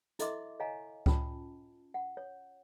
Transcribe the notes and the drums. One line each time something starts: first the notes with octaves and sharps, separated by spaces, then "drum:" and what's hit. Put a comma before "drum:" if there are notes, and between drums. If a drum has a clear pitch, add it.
E4 A4 D#5 E5 C6 D6, drum: hi-hat
C#5 D#5 F5 G#5 A#5
C#4 F4 A5, drum: kick C#2
F#5
C#5